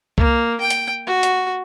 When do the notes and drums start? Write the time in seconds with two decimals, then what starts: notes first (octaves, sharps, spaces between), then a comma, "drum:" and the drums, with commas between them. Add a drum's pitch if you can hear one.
0.18 A#3, drum: kick C2
0.61 G5
0.70 drum: hi-hat
1.07 F#4
1.23 drum: hi-hat